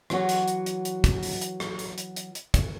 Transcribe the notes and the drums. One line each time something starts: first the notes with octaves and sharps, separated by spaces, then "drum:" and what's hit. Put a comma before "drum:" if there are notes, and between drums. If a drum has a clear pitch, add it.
E3 F#3 F#4 F#5, drum: rim click
drum: hi-hat
drum: hi-hat
drum: hi-hat
drum: hi-hat
drum: kick, hi-hat
drum: open hi-hat
drum: hi-hat
drum: rim click
drum: hi-hat
drum: hi-hat
drum: hi-hat
drum: hi-hat
drum: kick, hi-hat